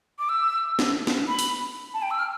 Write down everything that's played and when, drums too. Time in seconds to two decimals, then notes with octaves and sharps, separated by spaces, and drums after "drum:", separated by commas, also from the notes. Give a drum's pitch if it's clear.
0.19 D6
0.29 E6
0.79 drum: snare
1.07 drum: snare
1.28 B5
1.39 drum: open hi-hat
1.94 A5
2.02 G5
2.11 E6
2.19 F6